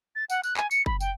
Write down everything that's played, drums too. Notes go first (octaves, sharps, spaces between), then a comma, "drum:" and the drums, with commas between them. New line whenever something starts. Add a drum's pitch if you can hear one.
A6
F#5, drum: tambourine
F#6, drum: tambourine
G#5, drum: clap
C#7, drum: tambourine
B5, drum: kick
G5, drum: tambourine